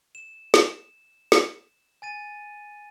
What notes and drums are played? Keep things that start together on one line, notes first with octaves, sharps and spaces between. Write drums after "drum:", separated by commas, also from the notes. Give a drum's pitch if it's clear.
E7
drum: snare
drum: snare
G#5 A6 D#7